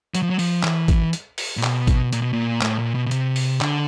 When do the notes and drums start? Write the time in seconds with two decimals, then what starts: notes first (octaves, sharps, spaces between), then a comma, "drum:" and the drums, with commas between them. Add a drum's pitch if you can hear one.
0.15 F#3, drum: hi-hat
0.22 F3
0.30 F#3
0.39 F3, drum: open hi-hat
0.63 E3, drum: clap
0.88 drum: kick, hi-hat
1.13 drum: hi-hat
1.38 drum: open hi-hat
1.57 A#2
1.63 B2, drum: clap
1.87 drum: kick, hi-hat
2.13 A#2, drum: hi-hat
2.22 B2
2.33 A#2
2.61 A2, drum: clap
2.79 A#2
2.95 B2
3.06 B2
3.11 C3, drum: hi-hat
3.36 drum: open hi-hat
3.61 D3, drum: clap